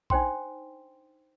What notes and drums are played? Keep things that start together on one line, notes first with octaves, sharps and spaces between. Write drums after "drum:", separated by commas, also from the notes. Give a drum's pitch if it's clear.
D4 D#4 C5 G5 C6, drum: kick A#1